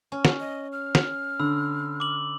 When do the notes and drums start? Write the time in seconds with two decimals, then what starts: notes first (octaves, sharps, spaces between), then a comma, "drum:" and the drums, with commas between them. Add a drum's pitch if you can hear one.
0.12 C#4
0.25 drum: snare
0.40 D#5
0.72 F6
0.95 drum: snare
1.39 D3 B5 E6
2.00 D6 F#7